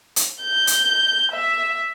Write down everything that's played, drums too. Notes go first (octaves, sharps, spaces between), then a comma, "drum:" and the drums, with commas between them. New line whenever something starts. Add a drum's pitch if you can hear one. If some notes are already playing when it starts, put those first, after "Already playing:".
drum: hi-hat
G6
drum: hi-hat
E5